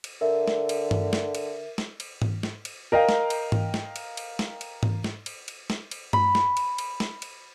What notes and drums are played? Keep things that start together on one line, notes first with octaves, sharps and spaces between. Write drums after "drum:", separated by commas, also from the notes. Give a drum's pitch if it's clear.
drum: cymbal
D3 A#4 E5
drum: snare
drum: cymbal
drum: tom G2
drum: snare
drum: cymbal
drum: snare
drum: cymbal
drum: tom G#2
drum: snare
drum: cymbal
A#4 D#5 F5 G5 A#5
drum: snare
drum: cymbal
drum: tom G#2
drum: snare
drum: cymbal
drum: cymbal
drum: snare
drum: cymbal
drum: tom G#2
drum: snare
drum: cymbal
drum: cymbal
drum: snare
drum: cymbal
B5, drum: tom G2
drum: snare
drum: cymbal
drum: cymbal
drum: snare
drum: cymbal